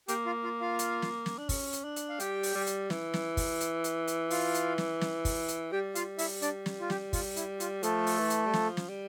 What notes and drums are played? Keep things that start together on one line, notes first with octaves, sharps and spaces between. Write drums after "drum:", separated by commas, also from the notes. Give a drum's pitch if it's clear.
A#3 G4 G5, drum: hi-hat
F4 F5
F4 F5
F4 F5
drum: hi-hat
drum: snare
drum: snare
D4
C#4, drum: kick, open hi-hat
drum: hi-hat
D4
drum: hi-hat
F5
G3 G4 G5, drum: hi-hat
drum: open hi-hat
G3
drum: hi-hat
E3, drum: snare
drum: snare
drum: kick, open hi-hat
drum: hi-hat
drum: hi-hat
drum: hi-hat
F4 F5, drum: open hi-hat
drum: hi-hat
drum: snare
drum: snare
drum: kick, open hi-hat
drum: hi-hat
G3 G4 G5
F4 F5, drum: hi-hat
E4 E5, drum: open hi-hat
D4 D5, drum: hi-hat
drum: snare
F4
G4, drum: snare
F4, drum: kick, open hi-hat
E4, drum: hi-hat
F4, drum: hi-hat
F3 A3 A4, drum: hi-hat
drum: open hi-hat
E3
drum: hi-hat
G3
F3, drum: snare
drum: snare
G3